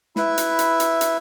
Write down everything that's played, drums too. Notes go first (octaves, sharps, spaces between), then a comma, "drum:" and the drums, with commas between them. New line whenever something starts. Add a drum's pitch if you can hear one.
E4 B4 E5, drum: snare
drum: hi-hat
drum: hi-hat
drum: hi-hat
drum: hi-hat